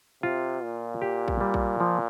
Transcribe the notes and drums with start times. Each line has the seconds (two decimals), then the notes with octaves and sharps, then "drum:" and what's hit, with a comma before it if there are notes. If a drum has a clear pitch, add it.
0.23 C3 F4
0.63 A#2
1.02 G4
1.28 drum: kick A#1
1.41 G3
1.54 drum: kick A#1
1.80 F3